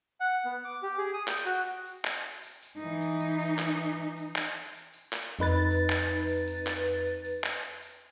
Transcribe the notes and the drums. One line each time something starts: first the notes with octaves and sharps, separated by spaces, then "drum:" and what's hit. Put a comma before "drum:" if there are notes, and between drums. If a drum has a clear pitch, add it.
F#5
B3
D6
G4
G#4
D#6
G5, drum: clap
F#4, drum: tambourine
drum: tambourine
drum: clap
drum: tambourine
drum: tambourine
drum: tambourine
E3 D#4
drum: tambourine
drum: tambourine
drum: tambourine
drum: clap
drum: tambourine
drum: tambourine
drum: clap
drum: tambourine
drum: tambourine
drum: tambourine
drum: clap
F2 D#4 B4 A6
drum: tambourine
drum: clap
drum: tambourine
drum: tambourine
drum: tambourine
drum: clap
drum: tambourine
drum: tambourine
drum: tambourine
drum: clap
drum: tambourine
drum: tambourine